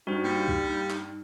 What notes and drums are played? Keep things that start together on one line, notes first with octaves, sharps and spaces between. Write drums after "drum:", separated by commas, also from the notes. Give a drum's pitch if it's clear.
G2 D#4 F#4 C5
G3 A#3 C#7
drum: kick C2
drum: clap